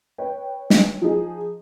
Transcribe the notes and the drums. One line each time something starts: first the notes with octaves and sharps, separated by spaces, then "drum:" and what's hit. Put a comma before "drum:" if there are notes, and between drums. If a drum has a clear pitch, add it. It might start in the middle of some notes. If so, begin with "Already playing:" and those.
B4 C#5 G5
drum: snare
F3 D#4 G#4